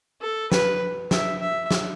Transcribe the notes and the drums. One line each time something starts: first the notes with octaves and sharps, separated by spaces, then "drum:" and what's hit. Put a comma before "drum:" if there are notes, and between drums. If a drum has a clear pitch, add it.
A4
B4, drum: snare
E5, drum: snare
E5
drum: snare